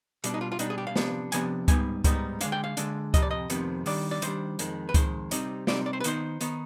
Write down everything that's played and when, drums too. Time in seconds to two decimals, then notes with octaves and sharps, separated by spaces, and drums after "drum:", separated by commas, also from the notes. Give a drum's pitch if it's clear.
0.24 B2 G3 D4, drum: hi-hat
0.34 D#4
0.41 F4
0.52 F4
0.59 B2 G3 D4 D#4, drum: hi-hat
0.70 G#4
0.78 G4
0.87 F5
0.96 C3 F3 B3 D4, drum: snare
1.32 C3 F3 B3 D4 G#5, drum: hi-hat
1.68 G#2 G3 B3 D#4 G#5, drum: kick C#2, hi-hat
2.04 G#2 G3 B3 D#4, drum: kick C#2, hi-hat
2.41 D3 G#3 D4 F5, drum: hi-hat
2.52 G5
2.64 F5
2.77 D3 G#3 D4, drum: hi-hat
3.14 F2 C3 D#5, drum: kick C#2, hi-hat
3.22 D5
3.31 D#5
3.50 F2 C3 D#3 B3, drum: hi-hat
3.86 D#3 G3 D4 D5, drum: open hi-hat
4.11 D5
4.22 D#3 G3 D4 C5, drum: hi-hat
4.59 F2 D#3 G#3, drum: hi-hat
4.89 B4
4.94 F2 D#3 G#3 C5, drum: kick C#2, hi-hat
5.31 C3 G3 C4 D#4, drum: hi-hat
5.67 C3 G3 C4 D#4 D5, drum: snare
5.86 D5
5.93 C5
6.00 B4
6.04 D#3 B3 D#4 C5, drum: hi-hat
6.41 D#3 B3 D#4, drum: hi-hat